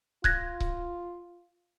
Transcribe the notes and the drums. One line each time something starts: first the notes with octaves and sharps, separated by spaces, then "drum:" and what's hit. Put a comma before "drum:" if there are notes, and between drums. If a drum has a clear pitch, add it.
F4 F#6 G#6 A#6, drum: kick C#1
drum: kick C#1